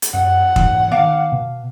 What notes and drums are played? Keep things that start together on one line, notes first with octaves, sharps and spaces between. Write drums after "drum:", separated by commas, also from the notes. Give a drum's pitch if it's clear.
drum: hi-hat
F#2 F#5
G#2 B2 E3, drum: kick
D#3 B3 F5 A5 D6
B2